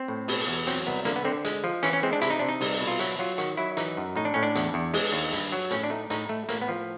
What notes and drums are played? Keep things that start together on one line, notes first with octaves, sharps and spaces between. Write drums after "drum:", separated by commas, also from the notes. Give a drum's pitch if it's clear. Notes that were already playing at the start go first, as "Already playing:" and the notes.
Already playing: C4
A2
B2, drum: open hi-hat
E2
F#3 C4, drum: hi-hat
C2 B3
D3 A#3, drum: hi-hat
B3
D3 C4
G#3, drum: hi-hat
F3
E3 C#4, drum: hi-hat
C#4
G#3 C4
D4
C3 E4, drum: hi-hat
D#4
C3 D4
D#4
C2, drum: open hi-hat
B2
F4
F#3 E4, drum: hi-hat
F#3 F4
D#3 F#4, drum: hi-hat
F#3 E4
E3 D#4, drum: hi-hat
F#2
A2 D#4
D4
A2 C#4
D4
E2, drum: hi-hat
E2
G#3, drum: open hi-hat
D#2
G2, drum: hi-hat
F#3
A2 C#4, drum: hi-hat
D4
A3 D#4
A2 D#4, drum: hi-hat
A2 A3
A2 A#3, drum: hi-hat
B3
F3